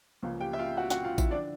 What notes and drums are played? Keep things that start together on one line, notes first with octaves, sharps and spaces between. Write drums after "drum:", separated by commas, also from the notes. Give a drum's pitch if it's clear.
C#2 C#3 F3 A#3
G4 G5
E5
F4 F5
F#4 F#5
F#4 F#5, drum: snare
F4 F5
E4 E5, drum: kick A1, tambourine
D3 F3 D4 D5